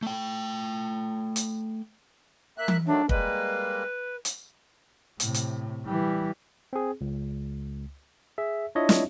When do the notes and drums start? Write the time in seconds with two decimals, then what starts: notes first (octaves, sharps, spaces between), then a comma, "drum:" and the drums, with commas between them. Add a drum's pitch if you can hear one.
0.02 A3 G5
1.36 drum: hi-hat
2.58 A#3 E5 F#6
2.68 drum: tom E3
2.86 D#3 F#3 A3 D4
3.09 G3 G#3 A#3 B4, drum: kick
4.25 drum: hi-hat
5.20 A2 C3, drum: hi-hat
5.34 drum: hi-hat
5.86 E3 G3
6.73 C4 G#4
7.01 C#2
8.38 G#4 E5
8.75 D4 E4 F4 C#5 D#5 E5
8.89 drum: snare